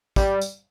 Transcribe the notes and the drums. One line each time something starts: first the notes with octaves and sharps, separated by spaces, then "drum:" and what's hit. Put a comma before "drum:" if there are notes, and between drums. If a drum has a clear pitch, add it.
G3, drum: kick, tambourine
drum: tambourine